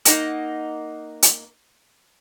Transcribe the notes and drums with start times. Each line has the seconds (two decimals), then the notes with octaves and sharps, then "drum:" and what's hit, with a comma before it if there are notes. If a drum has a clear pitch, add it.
0.05 A#3 D#4 F#5, drum: hi-hat
1.23 drum: hi-hat